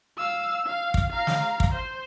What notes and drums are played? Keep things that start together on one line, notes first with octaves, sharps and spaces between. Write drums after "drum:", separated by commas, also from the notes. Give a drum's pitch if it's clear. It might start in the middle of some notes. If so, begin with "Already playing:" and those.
F5 E6
F5
drum: kick
F5 A#5
drum: snare
drum: kick
C5